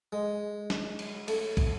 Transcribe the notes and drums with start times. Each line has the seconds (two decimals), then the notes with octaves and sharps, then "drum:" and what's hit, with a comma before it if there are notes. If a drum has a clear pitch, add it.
0.13 G#3
0.70 drum: snare
0.99 drum: cymbal
1.28 A3, drum: cymbal
1.57 drum: kick, cymbal